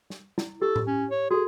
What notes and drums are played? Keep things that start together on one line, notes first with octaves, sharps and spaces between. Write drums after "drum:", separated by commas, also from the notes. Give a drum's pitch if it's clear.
drum: snare
E4, drum: snare
G4 A4
drum: tom A2
C#4
C#5
F#4 G#4 A4